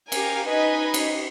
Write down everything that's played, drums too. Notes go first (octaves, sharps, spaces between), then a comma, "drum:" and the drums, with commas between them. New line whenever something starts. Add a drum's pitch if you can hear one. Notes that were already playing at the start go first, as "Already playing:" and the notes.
G4 A#4 F5 G#5, drum: cymbal
D#4 B4 D#5 G#5 B5
drum: cymbal